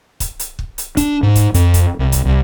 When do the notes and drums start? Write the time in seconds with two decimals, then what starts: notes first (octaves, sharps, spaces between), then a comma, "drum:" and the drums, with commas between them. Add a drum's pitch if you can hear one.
0.20 drum: kick, hi-hat
0.39 drum: hi-hat
0.59 drum: kick
0.78 drum: hi-hat
0.97 D4, drum: kick, hi-hat
1.23 G#2
1.35 drum: kick, hi-hat
1.54 F2, drum: hi-hat
1.74 drum: kick, hi-hat
1.99 C2
2.12 drum: kick, hi-hat
2.25 C2